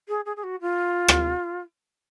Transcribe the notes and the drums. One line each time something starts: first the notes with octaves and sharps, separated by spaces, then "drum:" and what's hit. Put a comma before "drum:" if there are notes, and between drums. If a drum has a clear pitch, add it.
G#4
G#4
G#4
F#4
F4
drum: rim click